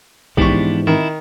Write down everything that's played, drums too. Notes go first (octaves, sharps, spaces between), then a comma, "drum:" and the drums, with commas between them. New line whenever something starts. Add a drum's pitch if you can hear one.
G#2 E3 F3 B3 D4 G4 C#6, drum: kick
D#3 E4